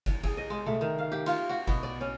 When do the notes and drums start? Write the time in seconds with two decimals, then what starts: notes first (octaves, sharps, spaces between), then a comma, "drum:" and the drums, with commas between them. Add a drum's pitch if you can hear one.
0.06 drum: kick, cymbal
0.24 G#4, drum: kick, cymbal
0.37 D#5
0.50 G#3
0.66 A3, drum: tom B2
0.81 D#3
0.98 F5
1.12 G4
1.26 F4, drum: cymbal
1.49 F#4
1.67 B2, drum: kick, cymbal
1.83 D5
2.01 C#4